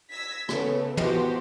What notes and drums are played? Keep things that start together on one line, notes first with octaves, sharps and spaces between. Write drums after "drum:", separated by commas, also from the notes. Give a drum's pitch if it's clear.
E6 G#6 A#6 B6
C#3 A3 B3, drum: rim click
E3 F3 B3 F#4 G4 C5, drum: tom